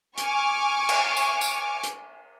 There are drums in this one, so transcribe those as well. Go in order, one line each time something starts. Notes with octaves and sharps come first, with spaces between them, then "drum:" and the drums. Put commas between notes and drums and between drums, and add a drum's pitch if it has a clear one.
G#5 C#6 D6 F6, drum: hi-hat
drum: cymbal
drum: tambourine
drum: tambourine
drum: hi-hat